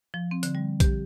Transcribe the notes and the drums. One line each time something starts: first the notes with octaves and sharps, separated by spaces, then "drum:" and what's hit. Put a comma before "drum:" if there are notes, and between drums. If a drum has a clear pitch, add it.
F3
C4
D3, drum: hi-hat
G3
G4, drum: kick A#1, hi-hat